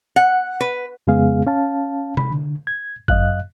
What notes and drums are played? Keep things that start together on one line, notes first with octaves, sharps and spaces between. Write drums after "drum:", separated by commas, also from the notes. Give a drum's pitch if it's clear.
F#5
B4
F2 C#3 G#3 B3 G#4 F5
C#4 F5 A5
B5, drum: tom C3
D3
G#6
F#2 D#5 F5 F#6, drum: kick G1